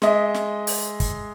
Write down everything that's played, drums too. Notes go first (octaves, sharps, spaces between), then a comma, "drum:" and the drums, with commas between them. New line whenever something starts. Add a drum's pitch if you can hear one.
G#3 D#5 E5, drum: snare
drum: snare
drum: open hi-hat
drum: kick, hi-hat